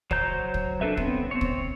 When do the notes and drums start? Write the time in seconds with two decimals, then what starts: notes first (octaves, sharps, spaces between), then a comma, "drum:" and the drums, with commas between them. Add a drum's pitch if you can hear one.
0.11 F#3 C5 C#5 A#5 G6, drum: kick
0.54 drum: kick
0.81 D4 F#4 A4 B4 E5
0.98 B3 C4, drum: kick
1.31 C4 C#5
1.41 drum: kick